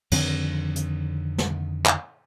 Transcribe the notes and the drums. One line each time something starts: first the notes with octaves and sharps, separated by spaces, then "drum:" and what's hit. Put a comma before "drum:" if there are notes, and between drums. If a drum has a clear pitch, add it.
F2 D3 D#3 C4, drum: cymbal
drum: hi-hat
drum: snare
drum: clap